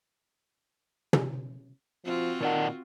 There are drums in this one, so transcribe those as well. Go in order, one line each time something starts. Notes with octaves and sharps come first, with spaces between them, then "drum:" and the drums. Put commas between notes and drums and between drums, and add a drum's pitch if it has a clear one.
drum: tom
F3 C4 F4 F#4
A#2 D#3 D5 F#5